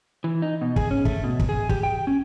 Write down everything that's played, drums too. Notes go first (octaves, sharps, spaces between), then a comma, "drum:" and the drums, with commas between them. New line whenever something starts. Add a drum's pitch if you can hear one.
E3
D#4
B2
G#4, drum: kick
C#4
A3, drum: kick
B2
drum: kick
G#4
G4, drum: kick
G5
C#4